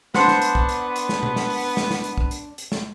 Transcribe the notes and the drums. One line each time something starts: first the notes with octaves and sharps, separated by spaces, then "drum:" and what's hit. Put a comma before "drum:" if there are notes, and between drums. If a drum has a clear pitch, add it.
B3 D4 C5 F#5, drum: snare
drum: snare
drum: hi-hat
drum: kick
drum: hi-hat
drum: hi-hat
drum: snare
drum: tom B2
drum: snare
drum: open hi-hat
drum: snare
drum: snare
drum: hi-hat
drum: kick
drum: hi-hat
drum: hi-hat
drum: snare